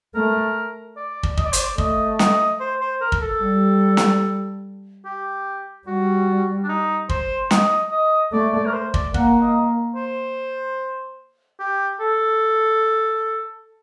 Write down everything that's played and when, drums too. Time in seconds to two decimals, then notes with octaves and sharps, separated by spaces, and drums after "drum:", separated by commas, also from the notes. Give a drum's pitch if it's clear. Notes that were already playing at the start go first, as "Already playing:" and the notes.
0.15 A3 A#4
0.97 D5
1.23 drum: kick
1.37 D#5, drum: kick
1.45 D5
1.53 C5, drum: hi-hat
1.61 D5
1.78 A3 D#5, drum: kick
2.19 D#5, drum: snare
2.60 C5
2.81 C5
3.01 A#4
3.12 drum: kick
3.21 A4
3.42 G3
3.97 drum: snare
5.05 G4
5.87 G3 F#4
6.64 D4
6.69 D#4
7.09 C5, drum: kick
7.51 D#5, drum: snare
7.92 D#5
8.32 A3 D5
8.53 D5
8.66 A#4
8.73 C5
8.94 D5, drum: kick
9.14 A#3 F#5, drum: kick
9.42 D#5
9.96 C5
11.60 G4
12.00 A4